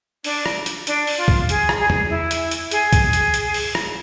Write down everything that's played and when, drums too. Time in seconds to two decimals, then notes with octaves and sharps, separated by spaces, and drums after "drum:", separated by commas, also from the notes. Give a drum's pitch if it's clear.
0.24 D4, drum: open hi-hat
0.46 drum: rim click
0.66 drum: hi-hat
0.87 D4, drum: hi-hat
1.07 drum: open hi-hat
1.18 F4
1.28 drum: kick
1.49 G#4, drum: hi-hat
1.69 drum: rim click
1.79 G#4
1.90 drum: tom E2
2.10 E4
2.31 drum: hi-hat
2.51 drum: hi-hat
2.71 G#4, drum: hi-hat
2.93 drum: kick, hi-hat
3.13 drum: hi-hat
3.34 drum: hi-hat
3.54 drum: open hi-hat
3.75 drum: rim click